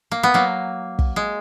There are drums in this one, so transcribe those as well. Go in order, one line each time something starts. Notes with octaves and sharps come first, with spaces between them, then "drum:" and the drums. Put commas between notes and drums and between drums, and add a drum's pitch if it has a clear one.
A#3
B3
F#3 A#3
drum: kick
G#3